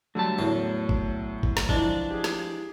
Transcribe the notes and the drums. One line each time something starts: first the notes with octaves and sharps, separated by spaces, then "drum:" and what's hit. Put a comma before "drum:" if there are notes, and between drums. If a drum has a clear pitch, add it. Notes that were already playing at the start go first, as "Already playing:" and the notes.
D3 F#3 G3 A3 A5
E2 A2 F#3 A#4 C#5
drum: kick G1
drum: kick G1
drum: snare
E3 F3 G#3 D4, drum: kick G1
G4 G#4
drum: snare